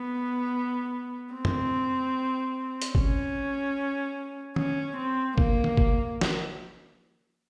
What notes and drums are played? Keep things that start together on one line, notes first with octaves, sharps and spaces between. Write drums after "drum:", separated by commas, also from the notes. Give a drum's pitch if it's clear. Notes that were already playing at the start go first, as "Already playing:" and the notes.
Already playing: B3
C4
drum: tom
drum: hi-hat
C#4, drum: kick G1
C#4, drum: tom
C4
A#3, drum: kick G1
drum: tom
drum: kick G1
drum: snare